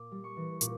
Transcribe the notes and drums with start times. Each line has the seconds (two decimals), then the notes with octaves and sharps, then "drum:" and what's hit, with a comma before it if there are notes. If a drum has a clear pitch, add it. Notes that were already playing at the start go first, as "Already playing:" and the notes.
Already playing: A#2 A#3 D6
0.11 G3
0.24 C#6
0.36 E3
0.61 A#2 D6, drum: hi-hat